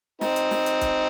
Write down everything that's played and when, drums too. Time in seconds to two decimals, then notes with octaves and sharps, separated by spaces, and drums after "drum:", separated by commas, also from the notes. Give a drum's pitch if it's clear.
0.21 C4 D#4, drum: snare
0.36 drum: hi-hat
0.51 drum: snare
0.66 drum: hi-hat
0.81 drum: kick, hi-hat